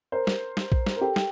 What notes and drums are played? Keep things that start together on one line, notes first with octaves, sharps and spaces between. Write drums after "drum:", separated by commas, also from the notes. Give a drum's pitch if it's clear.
A#4 C5
drum: snare
drum: snare
drum: kick A#1
drum: snare
A#4
G4 A4
drum: snare